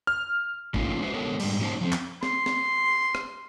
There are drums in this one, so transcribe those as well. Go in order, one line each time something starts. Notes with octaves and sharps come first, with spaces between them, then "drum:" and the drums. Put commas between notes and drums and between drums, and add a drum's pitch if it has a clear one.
F6
E3 A3 A#3 C#4 D#4 F4, drum: kick
G#3 D#4 F#4 B4 C5 E5
D3 G#3 B3 A4 A#4 C#5
G#2 G3, drum: cymbal
F#3 A#3 C#4 D#4 C5 A5
F3 B3 C4
drum: clap
C6, drum: snare C4
drum: snare C4
drum: rim click